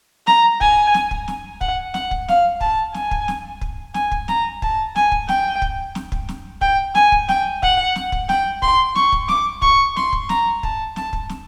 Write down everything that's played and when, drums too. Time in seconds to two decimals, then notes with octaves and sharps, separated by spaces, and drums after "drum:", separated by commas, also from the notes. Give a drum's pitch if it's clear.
0.27 A#5, drum: snare
0.61 G#5, drum: kick
0.94 drum: snare
1.11 drum: kick
1.28 drum: snare
1.61 F#5, drum: kick
1.94 F#5, drum: snare
2.11 drum: kick
2.28 F5, drum: snare
2.61 A5, drum: kick
2.94 G#5, drum: snare
3.11 drum: kick
3.28 drum: snare
3.61 drum: kick
3.94 G#5, drum: snare
4.12 drum: kick
4.28 A#5, drum: snare
4.62 A5, drum: kick
4.96 G#5, drum: snare
5.12 drum: kick
5.29 G5, drum: snare
5.62 drum: kick
5.95 drum: snare
6.12 drum: kick
6.29 drum: snare
6.61 G5, drum: kick
6.95 G#5, drum: snare
7.12 drum: kick
7.29 G5, drum: snare
7.63 F#5, drum: kick
7.96 drum: snare
8.12 drum: kick
8.29 G5, drum: snare
8.62 C6, drum: kick
8.96 C#6, drum: snare
9.12 drum: kick
9.29 D6, drum: snare
9.62 C#6, drum: kick
9.96 C6, drum: snare
10.13 drum: kick
10.29 A#5, drum: snare
10.63 A5, drum: kick
10.96 A5, drum: snare
11.13 drum: kick
11.29 drum: snare